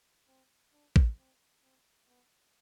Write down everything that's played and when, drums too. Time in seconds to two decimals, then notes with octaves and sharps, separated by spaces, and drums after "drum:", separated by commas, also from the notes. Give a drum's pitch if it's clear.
0.28 C4
0.72 D4
0.96 drum: kick A1
1.18 C4
1.63 C4
2.07 B3